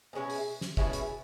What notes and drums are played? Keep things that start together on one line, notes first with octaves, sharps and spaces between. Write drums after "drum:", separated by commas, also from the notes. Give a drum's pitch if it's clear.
B2 G#3 C#4 E4
drum: open hi-hat
drum: snare
B2 G#3 C#4 E4, drum: kick
drum: hi-hat